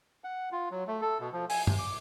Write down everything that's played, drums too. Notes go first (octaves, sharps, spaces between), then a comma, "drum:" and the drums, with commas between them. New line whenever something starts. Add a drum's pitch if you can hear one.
F#5
F4
F#3
A3
A4
B2
F3
G#5, drum: open hi-hat
C3, drum: tom
D6